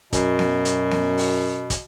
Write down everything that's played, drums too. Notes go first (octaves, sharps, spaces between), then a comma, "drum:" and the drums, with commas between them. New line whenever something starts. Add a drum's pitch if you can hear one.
F#2 B2, drum: kick, hi-hat
drum: snare B3
drum: hi-hat
drum: snare B3
drum: open hi-hat
drum: kick, hi-hat